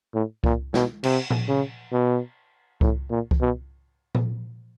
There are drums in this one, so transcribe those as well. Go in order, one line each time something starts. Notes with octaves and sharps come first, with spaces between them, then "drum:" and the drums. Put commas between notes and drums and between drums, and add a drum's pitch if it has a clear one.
A2
A#2, drum: kick C2
B2, drum: snare
C3, drum: cymbal
drum: tom A#2
C#3
B2
A2, drum: kick C2
A#2
drum: kick C2
B2
drum: tom A#2